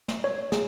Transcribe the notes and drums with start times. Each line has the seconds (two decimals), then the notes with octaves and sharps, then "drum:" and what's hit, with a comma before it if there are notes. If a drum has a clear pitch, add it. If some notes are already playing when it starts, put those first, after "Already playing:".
0.08 drum: snare
0.24 C#5
0.52 G#4, drum: snare